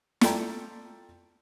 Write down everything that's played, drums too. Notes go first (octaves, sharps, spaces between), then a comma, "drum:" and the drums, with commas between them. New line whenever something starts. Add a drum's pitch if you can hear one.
F4 A4 D5 G5 A#5, drum: snare